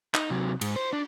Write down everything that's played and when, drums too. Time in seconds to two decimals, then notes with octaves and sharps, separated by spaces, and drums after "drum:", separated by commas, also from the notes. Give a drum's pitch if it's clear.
0.14 D#4, drum: clap
0.30 C3 F#3
0.61 G#2, drum: cymbal
0.76 C5
0.93 D4